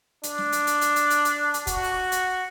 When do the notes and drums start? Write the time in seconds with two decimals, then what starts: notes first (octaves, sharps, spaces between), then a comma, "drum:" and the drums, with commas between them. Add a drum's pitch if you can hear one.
0.23 D4, drum: hi-hat
0.38 drum: snare
0.52 drum: hi-hat
0.67 drum: hi-hat
0.81 drum: hi-hat
0.96 drum: hi-hat
1.10 drum: hi-hat
1.25 drum: hi-hat
1.54 drum: hi-hat
1.67 F#4, drum: kick, hi-hat
1.83 drum: open hi-hat
2.12 drum: hi-hat